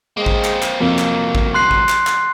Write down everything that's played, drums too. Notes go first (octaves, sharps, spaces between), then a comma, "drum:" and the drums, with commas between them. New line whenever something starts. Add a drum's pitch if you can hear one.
G#3 A#3 C4
drum: kick A1
drum: clap
drum: clap
C2 F2 F#3 A#3
drum: clap
drum: kick A1
C6 F#6 C7
drum: kick A1
drum: clap
drum: clap